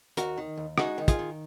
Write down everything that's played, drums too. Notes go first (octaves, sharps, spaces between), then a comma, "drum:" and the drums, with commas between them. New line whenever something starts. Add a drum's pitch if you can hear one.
D#2 F#4 A#4, drum: hi-hat
D#3
D#2
G#3 D#4 F#4, drum: rim click
D#3
F4 G#4, drum: kick, hi-hat
D#3